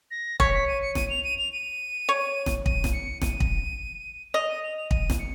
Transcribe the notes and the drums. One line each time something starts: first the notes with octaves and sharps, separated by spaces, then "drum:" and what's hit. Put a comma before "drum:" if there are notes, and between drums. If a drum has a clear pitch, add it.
A#6
C#5 B6, drum: kick
B6
D#7
C#7
D#7, drum: snare
F7
D#7
F7
D#7
C#5
drum: snare
D#7, drum: kick
drum: snare
C#7
D#7, drum: snare
drum: kick
D#5 F7
D#7
F7
F7
D#7, drum: kick
drum: snare
C#7